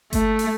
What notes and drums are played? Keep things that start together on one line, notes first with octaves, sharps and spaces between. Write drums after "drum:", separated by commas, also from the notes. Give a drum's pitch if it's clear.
A3, drum: kick G1, hi-hat
drum: open hi-hat